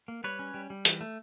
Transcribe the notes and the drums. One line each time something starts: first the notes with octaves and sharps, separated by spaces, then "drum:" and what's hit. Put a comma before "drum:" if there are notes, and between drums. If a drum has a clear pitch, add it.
A#3
G3 B4 C#5
C#4
G3
G3
E3, drum: hi-hat
A3